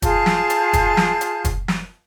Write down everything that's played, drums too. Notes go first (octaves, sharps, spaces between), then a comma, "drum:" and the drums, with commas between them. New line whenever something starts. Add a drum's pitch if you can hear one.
F4 G#4 A5 G6, drum: kick, hi-hat
drum: snare
drum: hi-hat
drum: kick, hi-hat
drum: snare
drum: hi-hat
drum: kick, hi-hat
drum: snare